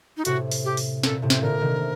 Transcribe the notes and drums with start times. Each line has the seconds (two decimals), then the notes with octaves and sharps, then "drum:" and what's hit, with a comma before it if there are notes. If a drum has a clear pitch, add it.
0.17 D#4
0.25 A2 C3 F#4, drum: hi-hat
0.52 drum: open hi-hat
0.65 G4
0.77 drum: open hi-hat
1.03 A#2 A4, drum: snare
1.22 A2 C3
1.30 C5, drum: snare
1.42 A#2 D3 A#4
1.61 C3 D#3